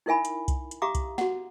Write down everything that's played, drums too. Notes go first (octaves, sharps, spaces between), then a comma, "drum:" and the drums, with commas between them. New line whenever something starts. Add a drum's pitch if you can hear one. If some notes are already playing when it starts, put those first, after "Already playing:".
D#4 E4 A#4 E5 G#5 B5
drum: hi-hat
drum: kick C2, hi-hat
drum: hi-hat
G4 E5 F5 A#5 D6 D#6
drum: kick C2, hi-hat
F#4 F#5, drum: snare